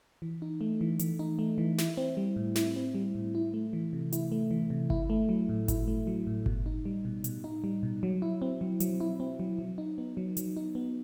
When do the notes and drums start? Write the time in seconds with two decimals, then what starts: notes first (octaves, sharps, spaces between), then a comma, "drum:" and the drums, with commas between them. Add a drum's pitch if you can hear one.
0.22 E3
0.42 D#4
0.61 A3
0.81 E3
0.99 E3, drum: hi-hat
1.19 D#4
1.39 A3
1.58 E3
1.78 E4, drum: snare
1.97 C4
2.17 G3
2.36 A2
2.56 E4, drum: snare
2.76 C4
2.95 G3
3.15 A2
3.35 E4
3.54 A3
3.73 E3
3.93 C3
4.12 E4, drum: hi-hat
4.32 A3
4.51 E3
4.70 C3
4.90 E4, drum: kick G1
5.10 A3
5.29 F#3
5.49 A2
5.68 E4, drum: kick G1, hi-hat
5.88 A3
6.07 F#3
6.27 A2
6.46 B2, drum: kick G1
6.66 D#4
6.85 G3
7.05 B2
7.24 B2, drum: hi-hat
7.44 D#4
7.64 G3
7.83 B2
8.03 F#3
8.22 E4
8.42 C4
8.61 F#3
8.80 F#3, drum: hi-hat
9.00 E4
9.20 C4
9.40 F#3
9.59 F#3
9.78 D#4
9.98 B3
10.17 F#3
10.37 F#3, drum: hi-hat
10.57 D#4
10.75 B3